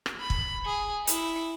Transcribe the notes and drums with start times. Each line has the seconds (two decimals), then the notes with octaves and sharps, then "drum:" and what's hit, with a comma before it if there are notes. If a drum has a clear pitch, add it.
0.06 drum: rim click
0.21 B5
0.30 drum: kick
0.66 G#4
1.07 E4, drum: hi-hat